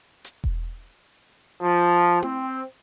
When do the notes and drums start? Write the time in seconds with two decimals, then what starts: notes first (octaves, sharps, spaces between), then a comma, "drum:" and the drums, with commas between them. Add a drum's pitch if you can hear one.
0.25 drum: hi-hat
0.44 drum: kick E1
1.62 F3
2.23 C4, drum: tom E4